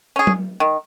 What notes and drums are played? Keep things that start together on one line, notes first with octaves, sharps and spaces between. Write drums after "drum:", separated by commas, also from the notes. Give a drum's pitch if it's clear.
C#4 G#4
drum: tom F#3
D#3